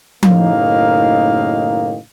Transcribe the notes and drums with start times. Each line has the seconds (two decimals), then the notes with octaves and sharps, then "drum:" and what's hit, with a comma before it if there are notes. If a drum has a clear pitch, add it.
0.23 F#1 A2 D#3 A#3 D#4 F5, drum: tom F3